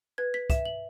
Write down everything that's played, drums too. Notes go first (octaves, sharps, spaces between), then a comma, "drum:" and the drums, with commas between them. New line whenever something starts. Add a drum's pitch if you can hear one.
B4 G#6
B6
E5 E7, drum: kick, hi-hat
F#7